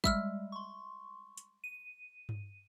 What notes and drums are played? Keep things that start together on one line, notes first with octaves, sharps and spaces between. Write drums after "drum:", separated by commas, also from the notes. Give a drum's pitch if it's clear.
G3 G#3 E5 E6 F6, drum: kick
C6 C#6
drum: hi-hat
D#7
drum: tom G2